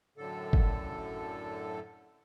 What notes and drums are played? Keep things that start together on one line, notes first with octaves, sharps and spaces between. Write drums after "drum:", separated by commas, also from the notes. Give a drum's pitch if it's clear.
F#2 A2 D3 A4
drum: kick